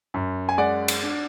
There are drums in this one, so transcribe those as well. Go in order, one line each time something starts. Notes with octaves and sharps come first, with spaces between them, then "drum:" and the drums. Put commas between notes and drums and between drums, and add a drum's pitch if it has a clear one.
F#2
G#5
G#3 D5 F#5
drum: cymbal
D4